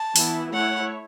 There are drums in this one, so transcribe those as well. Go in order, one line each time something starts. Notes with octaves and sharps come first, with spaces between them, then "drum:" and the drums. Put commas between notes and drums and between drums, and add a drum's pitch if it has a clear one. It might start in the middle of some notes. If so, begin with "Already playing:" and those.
Already playing: A5
E3 B3 E4, drum: open hi-hat
A3 E4 C#5 F#5